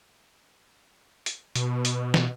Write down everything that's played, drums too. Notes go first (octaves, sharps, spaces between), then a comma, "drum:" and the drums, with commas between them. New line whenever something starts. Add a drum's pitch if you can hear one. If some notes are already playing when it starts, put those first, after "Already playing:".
drum: hi-hat
B2, drum: hi-hat
drum: hi-hat
drum: snare